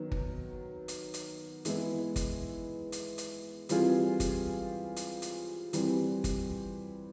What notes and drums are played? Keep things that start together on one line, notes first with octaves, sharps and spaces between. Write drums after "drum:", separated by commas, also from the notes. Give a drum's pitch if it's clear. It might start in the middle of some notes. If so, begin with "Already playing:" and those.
Already playing: D#3 F#3 B3
drum: kick G1
drum: hi-hat
drum: hi-hat
E3 G#3 B3 E4, drum: hi-hat
drum: kick G1, hi-hat
drum: hi-hat
drum: hi-hat
E3 G3 C4 F4 G#4, drum: hi-hat
drum: kick G1, hi-hat
drum: hi-hat
drum: hi-hat
E3 G3 C4, drum: hi-hat
drum: kick G1, hi-hat